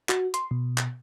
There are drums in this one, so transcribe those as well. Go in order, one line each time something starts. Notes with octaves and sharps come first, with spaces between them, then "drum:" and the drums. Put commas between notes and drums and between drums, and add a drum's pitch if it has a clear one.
F#4, drum: clap
C6, drum: hi-hat
B2
drum: clap